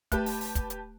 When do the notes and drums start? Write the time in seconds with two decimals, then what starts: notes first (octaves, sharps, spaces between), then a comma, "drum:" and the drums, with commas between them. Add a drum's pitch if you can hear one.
0.12 A3 G4 B4 A5, drum: kick, hi-hat
0.26 drum: open hi-hat
0.41 drum: open hi-hat
0.55 drum: kick, hi-hat
0.70 drum: hi-hat